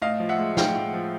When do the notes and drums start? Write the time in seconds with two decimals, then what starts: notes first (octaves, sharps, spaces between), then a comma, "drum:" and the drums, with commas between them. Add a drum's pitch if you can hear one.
0.02 A2 D#5 F5
0.20 F3
0.29 E5 F#5
0.39 G#3
0.57 A2 F5 G5, drum: snare
0.75 A2
0.94 F3